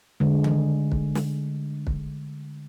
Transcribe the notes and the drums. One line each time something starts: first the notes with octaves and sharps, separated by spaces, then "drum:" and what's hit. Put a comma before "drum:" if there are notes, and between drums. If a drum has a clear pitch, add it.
D3 G#3
drum: tom D#3
drum: kick
drum: snare
drum: kick